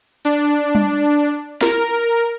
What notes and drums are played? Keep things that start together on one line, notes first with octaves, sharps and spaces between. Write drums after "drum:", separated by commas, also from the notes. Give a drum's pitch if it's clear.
D4, drum: hi-hat
drum: tom G3
A#4, drum: snare